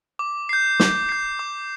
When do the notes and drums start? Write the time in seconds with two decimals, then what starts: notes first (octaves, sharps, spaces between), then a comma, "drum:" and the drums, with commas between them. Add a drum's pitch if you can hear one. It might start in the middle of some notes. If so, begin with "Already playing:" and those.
0.19 D6
0.49 G6 C7
0.80 D6, drum: snare
1.09 G6 C7
1.39 D6